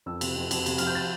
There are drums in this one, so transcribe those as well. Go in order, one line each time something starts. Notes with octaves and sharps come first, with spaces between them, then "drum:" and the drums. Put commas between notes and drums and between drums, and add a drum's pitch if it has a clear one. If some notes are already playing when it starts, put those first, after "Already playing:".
F2 E6
C3, drum: cymbal
F2
F2, drum: cymbal
C3, drum: cymbal
F3 F6, drum: cymbal
G6
A6